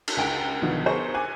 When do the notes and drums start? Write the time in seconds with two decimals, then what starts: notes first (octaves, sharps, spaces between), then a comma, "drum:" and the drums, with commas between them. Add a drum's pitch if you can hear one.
0.08 drum: cymbal
0.17 C#2 A#4 F#5 G5 D7
0.62 B1 D3 D#3 F3 B3 F#5
0.86 B3 G#4 A#4 C5 C#6
1.14 G#5 D6 F#6